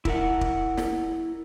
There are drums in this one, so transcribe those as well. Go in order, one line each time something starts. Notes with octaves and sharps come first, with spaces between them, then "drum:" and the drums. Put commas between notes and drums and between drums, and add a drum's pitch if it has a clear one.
E4 A#4 F#5, drum: kick
drum: kick
drum: snare